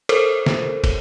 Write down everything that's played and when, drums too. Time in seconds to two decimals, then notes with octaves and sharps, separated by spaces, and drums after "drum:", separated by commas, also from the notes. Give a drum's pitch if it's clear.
0.09 A4 A#4 C5, drum: cymbal
0.46 drum: snare
0.84 drum: kick, cymbal